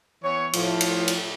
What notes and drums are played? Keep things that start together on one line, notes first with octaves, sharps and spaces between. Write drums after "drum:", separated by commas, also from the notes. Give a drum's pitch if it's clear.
E3 B3 C#5
A2 F3, drum: cymbal
drum: cymbal
drum: cymbal